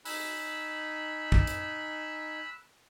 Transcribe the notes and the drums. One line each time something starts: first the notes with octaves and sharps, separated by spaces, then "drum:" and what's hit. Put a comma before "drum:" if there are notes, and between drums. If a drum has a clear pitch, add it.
D#4 G#5 B5 E6 F#6, drum: open hi-hat
drum: kick
drum: hi-hat